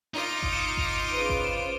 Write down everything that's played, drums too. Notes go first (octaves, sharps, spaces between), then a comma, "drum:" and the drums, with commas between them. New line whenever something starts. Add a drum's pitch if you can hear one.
D#4 F4 D#5 D6
drum: kick G#1
C#7 E7
drum: kick G#1
C#3 B4 C5 D7 D#7
drum: kick G#1
E7